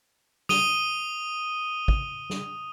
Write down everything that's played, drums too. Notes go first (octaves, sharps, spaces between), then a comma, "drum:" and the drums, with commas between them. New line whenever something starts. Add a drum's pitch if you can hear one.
D#6 D#7 G7, drum: snare
drum: kick
drum: snare